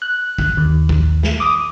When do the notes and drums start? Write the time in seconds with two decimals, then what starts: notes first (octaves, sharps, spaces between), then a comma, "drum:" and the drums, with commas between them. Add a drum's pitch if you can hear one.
0.02 F#6
0.38 drum: kick
0.57 D#2
0.89 drum: kick
1.23 drum: snare
1.40 D6 D#6